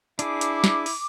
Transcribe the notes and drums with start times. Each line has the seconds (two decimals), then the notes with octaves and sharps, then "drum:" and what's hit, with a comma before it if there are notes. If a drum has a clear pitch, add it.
0.19 D4 E4 G#4 D6, drum: hi-hat
0.41 drum: hi-hat
0.64 drum: snare
0.86 drum: open hi-hat